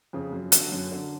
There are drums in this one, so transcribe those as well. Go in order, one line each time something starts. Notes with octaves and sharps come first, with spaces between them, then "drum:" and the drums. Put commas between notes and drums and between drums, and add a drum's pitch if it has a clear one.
F2 C#3
F#2
D3 F#3, drum: hi-hat
F#2
D3 F#3